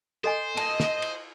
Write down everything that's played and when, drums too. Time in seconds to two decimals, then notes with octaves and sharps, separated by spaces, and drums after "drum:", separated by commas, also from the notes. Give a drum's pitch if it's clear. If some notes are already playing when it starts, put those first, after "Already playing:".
0.24 A4 C5 D#5 G#5
0.57 D#5 A5, drum: cymbal
0.80 drum: snare
1.02 drum: cymbal